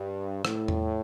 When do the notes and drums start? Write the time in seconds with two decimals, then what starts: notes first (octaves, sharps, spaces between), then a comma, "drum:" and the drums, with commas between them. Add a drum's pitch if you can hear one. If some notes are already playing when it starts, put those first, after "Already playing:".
Already playing: G2
0.45 A2, drum: rim click
0.68 drum: tom E2